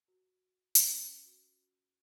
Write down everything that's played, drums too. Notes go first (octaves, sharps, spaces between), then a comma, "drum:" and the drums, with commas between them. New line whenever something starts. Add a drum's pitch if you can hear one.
F#4
C#4 F4 A#5, drum: hi-hat
F#4